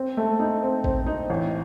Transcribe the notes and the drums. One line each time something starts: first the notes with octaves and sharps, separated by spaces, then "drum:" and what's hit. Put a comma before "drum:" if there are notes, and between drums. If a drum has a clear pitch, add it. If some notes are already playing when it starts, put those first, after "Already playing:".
Already playing: C4
A3
D#4
C4
C4, drum: kick A1
D#4
A1